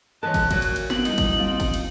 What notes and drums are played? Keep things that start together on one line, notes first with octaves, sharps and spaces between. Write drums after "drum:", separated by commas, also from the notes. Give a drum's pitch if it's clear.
E3 G#3 A#4 C#5 A5 F#6
drum: kick, cymbal
A#2 F#4, drum: kick, cymbal
drum: cymbal
drum: cymbal
B3 C4 F#7, drum: snare
G3 D#4 E4 F#4, drum: cymbal
drum: kick, cymbal
C4 F4
drum: kick, cymbal
drum: cymbal